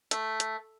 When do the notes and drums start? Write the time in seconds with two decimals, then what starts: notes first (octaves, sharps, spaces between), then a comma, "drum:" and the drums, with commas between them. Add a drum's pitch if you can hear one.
0.11 A3, drum: hi-hat
0.40 drum: hi-hat